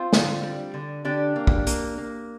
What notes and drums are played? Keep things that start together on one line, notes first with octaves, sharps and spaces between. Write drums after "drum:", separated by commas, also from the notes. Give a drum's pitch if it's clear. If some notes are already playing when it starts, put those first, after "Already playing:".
Already playing: C4 F4
D3, drum: snare
G3
D3
D3 D4 G4
A#3
drum: kick
A#3, drum: hi-hat
A#3